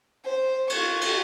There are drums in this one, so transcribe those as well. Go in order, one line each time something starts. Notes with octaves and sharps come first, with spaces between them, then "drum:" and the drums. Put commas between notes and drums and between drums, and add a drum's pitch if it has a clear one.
C5
F4 C#6, drum: cymbal
drum: cymbal